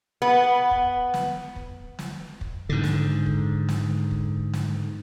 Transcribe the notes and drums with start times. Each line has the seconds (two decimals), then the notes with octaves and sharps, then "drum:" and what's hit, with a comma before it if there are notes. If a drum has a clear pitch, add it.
0.22 B3
0.71 drum: kick
1.14 drum: snare
1.56 drum: kick
1.99 drum: snare
2.41 drum: kick
2.69 G#2 D3
2.84 drum: snare
3.26 drum: kick
3.69 drum: snare
4.11 drum: kick
4.53 drum: snare